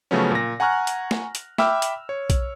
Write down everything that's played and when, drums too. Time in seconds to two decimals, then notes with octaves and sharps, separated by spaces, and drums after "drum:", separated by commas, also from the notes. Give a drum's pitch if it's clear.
0.11 C#3 F3 F#3 A3 B3 C#4
0.31 A#2 A#6
0.60 F#5 G#5 A#5 C#6 F6 F#6
0.87 drum: hi-hat
1.11 drum: snare
1.35 drum: hi-hat
1.58 E5 G5 B5 D6 E6 F6, drum: snare
1.82 drum: hi-hat
2.09 C#5
2.30 drum: kick B1, hi-hat